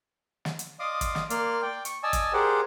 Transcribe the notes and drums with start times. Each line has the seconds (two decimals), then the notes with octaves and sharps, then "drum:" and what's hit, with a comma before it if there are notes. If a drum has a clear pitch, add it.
0.45 drum: snare
0.59 drum: hi-hat
0.80 D5 D#5 F5 C6 D6 D#6
1.01 drum: kick, hi-hat
1.15 drum: snare
1.30 A#3 D5 C6 F6, drum: hi-hat
1.62 D5 G5
1.85 C#6, drum: hi-hat
2.03 D5 D#5 G#5 A5 E6
2.13 drum: kick, hi-hat
2.33 G4 G#4 A#4 C5 D5 F#5